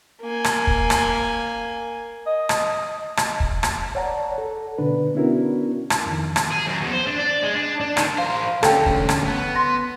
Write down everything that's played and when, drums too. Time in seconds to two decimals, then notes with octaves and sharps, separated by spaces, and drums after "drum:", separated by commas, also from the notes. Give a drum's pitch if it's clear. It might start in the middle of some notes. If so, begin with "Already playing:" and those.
0.22 A#3 G#5
0.44 drum: rim click
0.67 drum: kick
0.90 drum: rim click
2.27 D#5
2.49 drum: rim click
3.17 drum: rim click
3.40 drum: kick
3.63 drum: rim click
3.95 C#5 D5 F#5 A5 A#5
4.38 A4
4.78 B2 D3 D4 B4
5.14 B3 C#4 D4 E4 F#4 A#4
5.90 drum: rim click
6.06 F2 D#3
6.36 drum: rim click
6.52 G#4
6.67 F#2
6.81 E2
6.92 C5
7.07 D4
7.19 D5
7.43 G#3
7.54 D4
7.81 D4
7.97 D#3, drum: rim click
8.18 A#4 C5 F5
8.63 D2 C#4 A4 G5, drum: rim click
8.86 drum: kick
9.09 drum: rim click
9.26 B3
9.55 C6 A#6